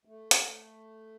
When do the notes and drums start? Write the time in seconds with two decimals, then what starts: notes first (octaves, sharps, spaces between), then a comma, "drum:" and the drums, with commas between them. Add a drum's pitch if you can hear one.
0.05 A3
0.31 drum: hi-hat